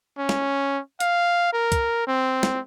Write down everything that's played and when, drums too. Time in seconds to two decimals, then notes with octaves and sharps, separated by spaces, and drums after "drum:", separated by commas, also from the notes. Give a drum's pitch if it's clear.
0.18 C#4
0.29 drum: snare
1.00 F5, drum: hi-hat
1.53 A#4
1.72 drum: kick, hi-hat
2.07 C4
2.43 drum: snare